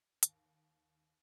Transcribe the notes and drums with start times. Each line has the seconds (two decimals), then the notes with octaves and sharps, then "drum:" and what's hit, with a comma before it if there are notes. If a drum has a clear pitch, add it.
0.23 D#2, drum: hi-hat